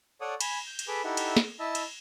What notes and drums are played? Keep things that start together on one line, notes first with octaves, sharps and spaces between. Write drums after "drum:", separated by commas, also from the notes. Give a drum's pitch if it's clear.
A4 C#5 D5 F#5 D#6
G#5 B5, drum: cymbal
G6
drum: cymbal
G#4 A4 B4 B5 D6
D#4 E4 G4 A4 E5 F#5
drum: cymbal
drum: snare
E4 D#5 E5 A5 E6
drum: cymbal